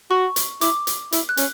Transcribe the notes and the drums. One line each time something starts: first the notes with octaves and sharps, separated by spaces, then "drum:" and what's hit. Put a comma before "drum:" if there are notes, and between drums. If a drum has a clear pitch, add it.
F#4 C#6
drum: hi-hat
E4 D6, drum: hi-hat
drum: hi-hat
E4, drum: hi-hat
F#6
C#4, drum: hi-hat